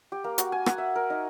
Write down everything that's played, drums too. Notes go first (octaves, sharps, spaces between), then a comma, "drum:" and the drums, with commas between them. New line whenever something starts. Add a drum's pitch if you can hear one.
G4
A#3
F#4, drum: hi-hat
G#5
F#5, drum: rim click
E5
A#4
D#4